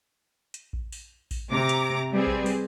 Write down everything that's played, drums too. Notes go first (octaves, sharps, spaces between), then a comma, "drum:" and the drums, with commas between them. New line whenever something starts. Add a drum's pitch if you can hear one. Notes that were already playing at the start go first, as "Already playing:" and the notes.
drum: hi-hat
drum: kick A1
drum: open hi-hat
drum: kick A1, open hi-hat
C3 A#5 D6
drum: hi-hat
G3 C4 G#4 B4
drum: kick A1
drum: open hi-hat